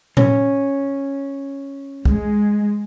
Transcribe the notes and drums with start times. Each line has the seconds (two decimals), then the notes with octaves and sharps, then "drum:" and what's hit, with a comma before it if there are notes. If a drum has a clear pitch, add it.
0.17 C#4, drum: tom A2
2.05 G#3, drum: kick